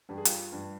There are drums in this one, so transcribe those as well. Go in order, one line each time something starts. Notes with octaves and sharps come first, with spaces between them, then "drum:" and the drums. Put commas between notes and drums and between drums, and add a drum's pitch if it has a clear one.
G2 G4
G#4
F4 G4, drum: hi-hat
G2